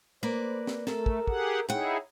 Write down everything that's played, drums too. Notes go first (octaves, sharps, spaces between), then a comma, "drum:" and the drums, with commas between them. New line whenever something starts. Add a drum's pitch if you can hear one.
A#3 B4 C5 D5
drum: snare
A3 A4 A#4, drum: snare
drum: kick
G4 G#4 F#5, drum: kick
D#4 E4 G#4 C#5 F#5 G5